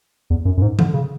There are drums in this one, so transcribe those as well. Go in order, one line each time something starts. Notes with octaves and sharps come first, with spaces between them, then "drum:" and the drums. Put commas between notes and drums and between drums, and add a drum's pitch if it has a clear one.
E2
F#2
F#2
G#2
D3, drum: tom E3
C#3